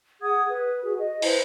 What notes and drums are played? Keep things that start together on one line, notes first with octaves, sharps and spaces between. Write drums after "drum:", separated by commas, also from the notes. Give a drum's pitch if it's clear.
G#4 F#5 D#6 G#6
B4
F#4 G#4
D#5
E4 B4 C5, drum: open hi-hat